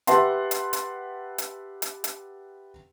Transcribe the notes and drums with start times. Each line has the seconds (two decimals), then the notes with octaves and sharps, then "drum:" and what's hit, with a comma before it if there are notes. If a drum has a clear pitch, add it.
0.07 G4 B4 E5 F#5 A5 C6, drum: hi-hat
0.51 drum: hi-hat
0.73 drum: hi-hat
1.38 drum: hi-hat
1.82 drum: hi-hat
2.04 drum: hi-hat